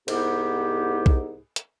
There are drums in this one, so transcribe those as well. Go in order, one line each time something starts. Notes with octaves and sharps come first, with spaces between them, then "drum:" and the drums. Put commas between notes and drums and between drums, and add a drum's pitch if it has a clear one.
C2 G#2 B3 D#4 E4 G4, drum: cymbal
drum: kick B1
drum: hi-hat